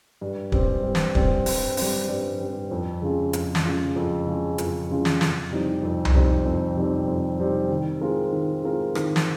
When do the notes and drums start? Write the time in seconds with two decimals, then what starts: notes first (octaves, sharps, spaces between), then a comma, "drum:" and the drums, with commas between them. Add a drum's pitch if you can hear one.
0.21 G2
0.52 G3 C4, drum: kick
0.83 G2
0.95 drum: snare
1.15 G3 C4, drum: kick
1.46 G2, drum: open hi-hat
1.77 G3 C4, drum: open hi-hat
2.09 G2
2.40 G3 C4
2.71 F2
3.02 C#3 G#3 C#4 F4
3.33 F2, drum: hi-hat
3.55 drum: snare
3.64 C#3 G#3 C#4 F4
3.96 F2
4.27 C#3 G#3 C#4 F4
4.58 F2, drum: hi-hat
4.90 C#3 G#3 C#4 F4
5.05 drum: snare
5.21 F2, drum: snare
5.52 C3 G3 C4 D#4
5.83 F2
6.05 drum: tom C2
6.14 C3 G3 C4 D#4
6.45 F2
6.77 C3 G3 C4 D#4
7.08 F2
7.39 C3 G3 C4 D#4
7.70 D#3
8.01 G#3 C4 F4 A#4
8.33 D#3
8.64 G#3 C4 F4 A#4
8.95 D#3, drum: rim click
9.16 drum: snare